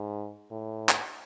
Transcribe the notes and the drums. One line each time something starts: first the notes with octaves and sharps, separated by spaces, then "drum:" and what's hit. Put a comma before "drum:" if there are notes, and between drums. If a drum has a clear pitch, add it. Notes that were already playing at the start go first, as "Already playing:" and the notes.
Already playing: G#2
A2
drum: clap